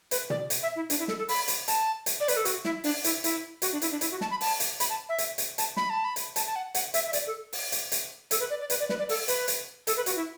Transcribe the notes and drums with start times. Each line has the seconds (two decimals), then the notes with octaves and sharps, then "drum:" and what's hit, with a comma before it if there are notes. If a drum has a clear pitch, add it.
0.11 B4, drum: hi-hat
0.30 D5, drum: tom
0.50 drum: hi-hat
0.63 E5
0.76 E4
0.90 D4, drum: hi-hat
0.99 E4
1.08 A4, drum: snare
1.18 A4
1.29 B5, drum: open hi-hat
1.48 drum: hi-hat
1.68 A5, drum: hi-hat
2.06 drum: hi-hat
2.20 D5
2.28 B4, drum: hi-hat
2.37 A4
2.45 F#4, drum: hi-hat
2.65 E4, drum: snare
2.84 D4, drum: open hi-hat
3.04 E4, drum: hi-hat
3.24 E4, drum: hi-hat
3.62 F#4, drum: hi-hat
3.73 D4
3.82 E4, drum: hi-hat
3.91 D4
4.01 E4, drum: hi-hat
4.11 F#4
4.21 A5, drum: snare
4.31 B5
4.41 A5, drum: open hi-hat
4.60 drum: hi-hat
4.80 B5, drum: hi-hat
4.90 A5
5.09 E5
5.18 drum: hi-hat
5.38 drum: hi-hat
5.58 A5, drum: hi-hat
5.77 B5, drum: snare
5.90 A5
6.04 B5
6.16 drum: hi-hat
6.36 A5, drum: hi-hat
6.47 A5
6.56 F#5
6.75 F#5, drum: hi-hat
6.94 E5, drum: hi-hat
7.07 E5
7.13 D5, drum: hi-hat
7.27 A4
7.53 drum: open hi-hat
7.72 drum: hi-hat
7.92 drum: hi-hat
8.31 A4, drum: hi-hat
8.40 B4
8.50 D5
8.61 D5
8.70 B4, drum: hi-hat
8.80 D5
8.89 B4, drum: snare
8.99 D5
9.09 A4, drum: open hi-hat
9.28 B4, drum: hi-hat
9.48 drum: hi-hat
9.87 A4, drum: hi-hat
9.97 B4
10.06 F#4, drum: hi-hat
10.16 E4